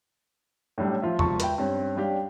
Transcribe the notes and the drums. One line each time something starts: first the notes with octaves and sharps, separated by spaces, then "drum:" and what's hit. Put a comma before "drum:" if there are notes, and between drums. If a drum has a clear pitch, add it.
A2 F#3 G3 C#4 D4
F3 F4 C5 E5
E1 F3 A5 C#6, drum: tom E2
B4 E5 G5, drum: hi-hat
G2 C4 C#4
G3 C#4 D4 G4 F5